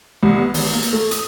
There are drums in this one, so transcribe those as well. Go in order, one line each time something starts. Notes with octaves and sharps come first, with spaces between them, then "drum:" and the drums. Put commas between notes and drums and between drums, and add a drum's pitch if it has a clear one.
C2
B3
G#1, drum: open hi-hat
A#3
drum: hi-hat
A3
D#6, drum: hi-hat